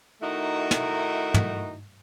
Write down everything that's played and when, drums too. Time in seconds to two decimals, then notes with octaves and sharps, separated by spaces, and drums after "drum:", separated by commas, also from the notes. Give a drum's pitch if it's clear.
0.21 D#3 A3 D#4 E4 F#4
0.71 drum: snare
1.34 drum: tom